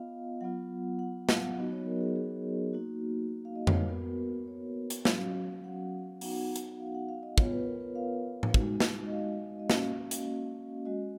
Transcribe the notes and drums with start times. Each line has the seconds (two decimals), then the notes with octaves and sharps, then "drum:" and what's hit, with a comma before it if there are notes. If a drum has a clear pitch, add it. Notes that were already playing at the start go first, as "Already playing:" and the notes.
Already playing: B3 F4 D#5 F5
0.41 F#3 B3 F4 F#5
0.99 F#5
1.29 F5, drum: snare
1.57 F#3 B3 D#4 F#4 D#5
1.72 C#5
1.86 A#4
2.01 G#4
2.16 G#4
2.73 A#3 D#4 F#4
3.45 F5
3.56 D#5
3.67 C#5, drum: tom F2
3.79 B4
3.89 B3 F#4 A#4
4.48 C#5
4.90 drum: hi-hat
5.05 F#3 C#4 F#4 F5, drum: snare
5.64 F#5
6.21 B3 D#4 F#4 F#5, drum: open hi-hat
6.56 drum: hi-hat
6.80 F5
6.95 F#5
7.09 F5
7.23 D#5
7.38 B3 F4 C#5, drum: kick
7.52 B4
7.66 A#4
7.81 B4
7.96 F5
8.43 drum: tom A2
8.54 G#3 D#4 F#4, drum: kick
8.80 drum: snare
9.06 D#5
9.12 F5
9.59 D#5
9.70 A#3 C#4 F#4 F5, drum: snare
10.11 drum: hi-hat
10.85 G#3 C#4 F#4 D#5